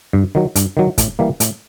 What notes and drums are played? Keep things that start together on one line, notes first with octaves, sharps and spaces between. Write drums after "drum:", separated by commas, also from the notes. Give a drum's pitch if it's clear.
G2
D#3 F#3
G2, drum: hi-hat
D#3 F#3
A2, drum: kick, hi-hat
E3 G3 A#3
A2, drum: hi-hat